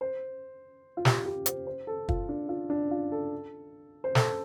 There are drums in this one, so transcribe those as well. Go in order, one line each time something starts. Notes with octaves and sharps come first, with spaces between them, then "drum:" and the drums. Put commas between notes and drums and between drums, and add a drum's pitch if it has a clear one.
C5
F4
G4, drum: snare
G4
C5, drum: hi-hat
C5
A4
F4, drum: kick
D4
F4
D4
F4
A4
C5
A4, drum: snare